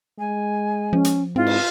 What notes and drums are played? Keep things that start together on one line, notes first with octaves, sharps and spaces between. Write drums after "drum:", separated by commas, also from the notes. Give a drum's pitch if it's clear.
G#3 G#5
F3 C#4
drum: hi-hat
G#2 C4 E4 F4
drum: cymbal